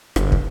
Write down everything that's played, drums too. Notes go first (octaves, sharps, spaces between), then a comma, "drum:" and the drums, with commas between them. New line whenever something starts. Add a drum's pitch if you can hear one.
G1, drum: rim click
drum: kick